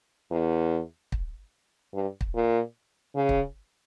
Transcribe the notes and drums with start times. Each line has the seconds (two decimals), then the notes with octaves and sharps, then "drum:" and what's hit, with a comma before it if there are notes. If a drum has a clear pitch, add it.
0.31 E2
1.12 drum: kick
1.94 G2
2.21 drum: kick
2.35 A#2
3.16 C#3
3.29 drum: kick